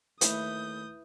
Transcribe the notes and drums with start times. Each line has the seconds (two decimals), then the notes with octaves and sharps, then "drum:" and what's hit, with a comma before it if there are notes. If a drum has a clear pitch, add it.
0.21 D#2 A3 E4 B4 D#6 G6, drum: hi-hat